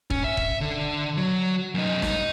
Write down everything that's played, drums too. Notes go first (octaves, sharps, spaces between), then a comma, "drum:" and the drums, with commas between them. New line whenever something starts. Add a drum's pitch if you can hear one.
C#4, drum: kick
E5
drum: kick
D3
F#3
F#2 D#4
D#4, drum: snare